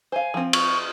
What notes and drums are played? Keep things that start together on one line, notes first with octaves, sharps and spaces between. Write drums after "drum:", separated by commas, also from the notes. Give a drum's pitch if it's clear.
C5 F5 G#5
F3 C4
C#6, drum: cymbal